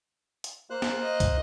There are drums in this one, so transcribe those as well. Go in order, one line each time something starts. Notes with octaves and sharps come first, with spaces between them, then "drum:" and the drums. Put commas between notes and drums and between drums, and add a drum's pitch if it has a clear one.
drum: hi-hat
A#3 C5 F#6
drum: snare
D#5
drum: kick, hi-hat